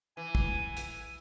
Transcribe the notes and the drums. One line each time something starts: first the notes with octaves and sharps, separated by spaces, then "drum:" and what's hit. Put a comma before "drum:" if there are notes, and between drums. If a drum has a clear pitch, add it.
E3 G#5
drum: kick
drum: hi-hat